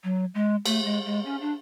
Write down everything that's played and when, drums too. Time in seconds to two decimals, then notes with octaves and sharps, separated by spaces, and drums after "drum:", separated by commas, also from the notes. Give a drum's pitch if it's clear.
0.04 F#3
0.35 G#3
0.66 A3, drum: cymbal
0.85 G#3
1.05 G#3
1.25 C#4
1.41 D4